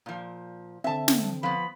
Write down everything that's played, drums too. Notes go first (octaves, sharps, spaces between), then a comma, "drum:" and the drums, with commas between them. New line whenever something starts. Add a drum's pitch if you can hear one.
A#2 F3
D3 C4 E5 A5
drum: snare
F3 B3 B5